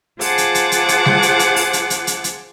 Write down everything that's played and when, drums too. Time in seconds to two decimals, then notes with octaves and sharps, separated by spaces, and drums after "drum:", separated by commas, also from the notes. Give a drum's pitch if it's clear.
0.21 F4 G#4 C5 F#5 A5 D6, drum: open hi-hat
0.38 drum: hi-hat
0.55 drum: hi-hat
0.72 drum: hi-hat
0.88 drum: hi-hat
1.05 drum: snare G3
1.22 drum: hi-hat
1.39 drum: hi-hat
1.56 drum: open hi-hat
1.73 drum: hi-hat
1.90 drum: hi-hat
2.07 drum: hi-hat
2.24 drum: hi-hat